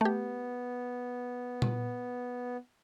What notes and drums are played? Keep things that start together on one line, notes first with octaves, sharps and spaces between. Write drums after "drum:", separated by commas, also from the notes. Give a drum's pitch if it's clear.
A3 B3 G4
drum: tom A#2